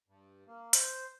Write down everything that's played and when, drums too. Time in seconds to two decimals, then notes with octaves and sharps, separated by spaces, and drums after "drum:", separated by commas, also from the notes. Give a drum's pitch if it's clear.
0.08 G2
0.47 A#3
0.73 C5, drum: hi-hat